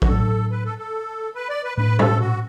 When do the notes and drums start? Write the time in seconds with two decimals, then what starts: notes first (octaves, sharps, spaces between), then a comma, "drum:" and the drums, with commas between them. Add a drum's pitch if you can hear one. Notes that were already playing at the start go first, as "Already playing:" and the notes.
0.02 F#4, drum: kick
0.08 A2 F#3 D4 A4
0.51 B4
0.65 A4
0.78 A4
1.35 B4
1.49 D5
1.64 B4
1.77 A2 A3 D4 B4
1.99 A4, drum: tom
2.20 F#4